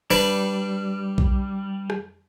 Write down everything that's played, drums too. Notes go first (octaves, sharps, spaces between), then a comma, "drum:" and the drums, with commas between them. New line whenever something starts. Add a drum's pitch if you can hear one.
G3 D4 B4
drum: kick B1
drum: rim click